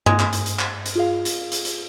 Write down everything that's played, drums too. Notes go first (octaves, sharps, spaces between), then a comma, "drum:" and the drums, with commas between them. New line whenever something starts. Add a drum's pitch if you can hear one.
G#3, drum: tom G2
drum: clap
drum: hi-hat
drum: hi-hat
drum: clap
drum: hi-hat
F4 G#4 F5
drum: hi-hat
drum: hi-hat
drum: hi-hat